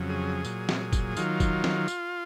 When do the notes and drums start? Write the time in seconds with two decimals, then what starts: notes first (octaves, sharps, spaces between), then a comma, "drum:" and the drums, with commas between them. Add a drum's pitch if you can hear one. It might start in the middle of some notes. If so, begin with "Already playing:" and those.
Already playing: F2 C#3 F#3
0.09 G#4
0.45 A#2 F#3, drum: tambourine
0.69 drum: snare
0.93 drum: kick, tambourine
1.17 D#3 F#3 F4, drum: tambourine
1.40 drum: kick, tambourine
1.64 drum: snare
1.88 drum: tambourine